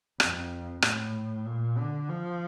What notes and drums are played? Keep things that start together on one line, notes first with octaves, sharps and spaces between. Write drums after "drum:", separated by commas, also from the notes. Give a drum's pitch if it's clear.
F2, drum: rim click
A2, drum: rim click
A#2
D3
F3